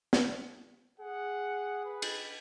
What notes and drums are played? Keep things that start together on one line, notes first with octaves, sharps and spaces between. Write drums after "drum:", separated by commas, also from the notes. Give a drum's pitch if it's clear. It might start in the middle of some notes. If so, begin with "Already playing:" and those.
drum: snare
G#4 F#5
B4
drum: cymbal